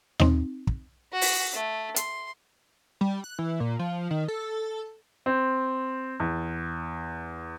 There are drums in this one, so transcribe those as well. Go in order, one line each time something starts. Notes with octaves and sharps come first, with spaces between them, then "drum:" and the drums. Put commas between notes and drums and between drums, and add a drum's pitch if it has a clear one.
C4 D#4, drum: tom D#2
drum: kick
F#4
drum: open hi-hat
A3
C6, drum: hi-hat
G3
F#6
E3
A#2
F3
D#3
A4
C4
E2